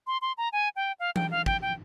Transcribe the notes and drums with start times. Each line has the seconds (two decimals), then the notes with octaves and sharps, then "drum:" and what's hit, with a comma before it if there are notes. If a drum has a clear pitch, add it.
0.07 C6
0.22 C6
0.38 A#5
0.53 G#5
0.76 G5
1.00 F5
1.16 G5, drum: tom E3
1.31 F5
1.46 G5, drum: kick
1.62 G5